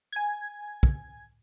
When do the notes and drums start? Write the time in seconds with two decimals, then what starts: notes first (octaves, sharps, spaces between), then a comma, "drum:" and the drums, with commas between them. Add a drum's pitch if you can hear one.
0.12 G#5 G#6
0.83 drum: kick